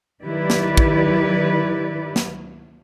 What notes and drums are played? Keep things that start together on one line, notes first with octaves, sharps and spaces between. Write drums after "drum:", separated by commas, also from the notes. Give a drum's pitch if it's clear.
D#3 F#3 E4 G4 B4 D5
drum: snare
drum: kick
drum: snare